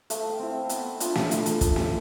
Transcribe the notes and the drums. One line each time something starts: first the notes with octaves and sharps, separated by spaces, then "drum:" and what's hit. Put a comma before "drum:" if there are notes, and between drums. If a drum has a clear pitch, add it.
A3 F5, drum: hi-hat
G5
C4 E4
F5
B3, drum: hi-hat
D4 F4, drum: hi-hat
drum: snare
A3, drum: hi-hat
drum: hi-hat
drum: kick, hi-hat
drum: snare